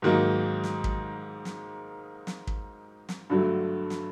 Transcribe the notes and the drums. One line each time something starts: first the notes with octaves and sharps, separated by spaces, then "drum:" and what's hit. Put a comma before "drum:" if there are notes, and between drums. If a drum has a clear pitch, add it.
G#2 D#3 F#3 A#3 D#4
drum: snare
drum: kick
drum: snare
drum: snare
drum: kick
drum: snare
G2 D3 F#3 A3
drum: snare